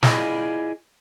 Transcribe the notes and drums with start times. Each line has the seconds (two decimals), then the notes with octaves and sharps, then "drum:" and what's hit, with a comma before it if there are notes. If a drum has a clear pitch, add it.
0.03 E4 F4 G#4 D5 D#5 B5, drum: snare